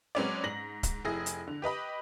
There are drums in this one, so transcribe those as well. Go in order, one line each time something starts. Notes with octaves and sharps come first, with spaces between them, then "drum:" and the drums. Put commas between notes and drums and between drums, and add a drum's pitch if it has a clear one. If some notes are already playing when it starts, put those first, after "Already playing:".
F#3 G#3 C4 C#4 B4 D5
G#2 A#6 F#7
drum: kick C#1, hi-hat
F1 E4 G#4 A#6
drum: hi-hat
D3
G4 B4 D#5 B5